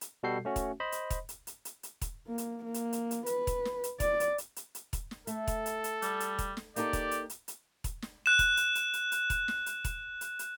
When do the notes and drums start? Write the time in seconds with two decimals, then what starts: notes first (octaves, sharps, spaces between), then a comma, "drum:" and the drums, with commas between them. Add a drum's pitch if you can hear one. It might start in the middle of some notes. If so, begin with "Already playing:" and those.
0.01 drum: hi-hat
0.23 B2 G3 F#4 A4 G6 C7
0.45 A3 C#4 F#4
0.56 drum: kick E1, hi-hat
0.80 C5 D#5 B5
0.92 drum: hi-hat
1.10 drum: kick E1, hi-hat
1.29 drum: hi-hat
1.47 drum: hi-hat
1.65 drum: hi-hat
1.83 drum: hi-hat
2.01 drum: kick E1, hi-hat
2.28 A#3
2.38 drum: hi-hat
2.64 A#3
2.74 drum: hi-hat
2.93 drum: hi-hat
3.11 drum: hi-hat
3.26 B4, drum: hi-hat
3.47 drum: kick E1, hi-hat
3.65 drum: snare
3.84 drum: hi-hat
4.00 D5, drum: kick E1, hi-hat
4.20 drum: hi-hat
4.38 drum: hi-hat
4.56 drum: hi-hat
4.75 drum: hi-hat
4.93 drum: kick E1, hi-hat
5.11 drum: snare
5.27 A3 A4, drum: hi-hat
5.47 drum: kick E1, hi-hat
5.66 drum: hi-hat
5.84 drum: hi-hat
6.02 G3, drum: hi-hat
6.20 drum: hi-hat
6.39 drum: kick E1, hi-hat
6.57 drum: snare
6.76 A#3 D#4 G4 A4 D5, drum: hi-hat
6.93 drum: kick E1, hi-hat
7.11 drum: hi-hat
7.30 drum: hi-hat
7.48 drum: hi-hat
7.84 drum: kick E1, hi-hat
8.02 drum: snare
8.26 F#6 E7
8.39 drum: kick E1, hi-hat
8.57 drum: hi-hat
8.75 drum: hi-hat
8.93 drum: hi-hat
9.12 drum: hi-hat
9.30 drum: kick E1, hi-hat
9.48 drum: snare
9.66 drum: hi-hat
9.84 drum: kick E1, hi-hat
10.21 drum: hi-hat
10.39 drum: hi-hat